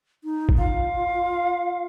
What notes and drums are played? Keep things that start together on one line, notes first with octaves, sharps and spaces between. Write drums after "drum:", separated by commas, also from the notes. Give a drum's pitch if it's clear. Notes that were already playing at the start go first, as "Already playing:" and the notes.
D#4
drum: kick A1
F4 F5